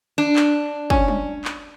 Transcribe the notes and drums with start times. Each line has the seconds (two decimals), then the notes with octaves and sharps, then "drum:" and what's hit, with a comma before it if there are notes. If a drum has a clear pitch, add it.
0.18 D4
0.36 drum: clap
0.90 C#4, drum: kick
1.08 drum: tom G3
1.45 drum: clap